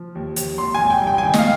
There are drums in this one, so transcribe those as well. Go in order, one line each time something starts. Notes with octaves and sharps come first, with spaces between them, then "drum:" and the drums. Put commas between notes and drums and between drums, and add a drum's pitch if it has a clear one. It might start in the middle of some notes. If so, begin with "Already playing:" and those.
Already playing: F3
D#2
D#2, drum: hi-hat
G#1 C6
G#1 G#5
G5
G2
G5
G#5
D#3 G5
D#5, drum: snare
F5